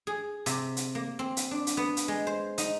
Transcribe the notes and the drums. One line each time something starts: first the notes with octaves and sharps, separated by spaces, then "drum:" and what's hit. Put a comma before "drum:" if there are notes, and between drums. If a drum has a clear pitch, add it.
G#4
C3, drum: hi-hat
drum: hi-hat
A#3
C4
drum: hi-hat
D4
drum: hi-hat
B3
drum: hi-hat
G#3
C5
D#4, drum: hi-hat